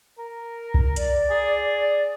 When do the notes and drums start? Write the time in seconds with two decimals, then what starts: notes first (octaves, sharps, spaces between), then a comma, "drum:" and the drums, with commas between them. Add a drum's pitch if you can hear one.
0.19 A#4
0.74 drum: kick B1
0.96 D5, drum: hi-hat
1.30 G#4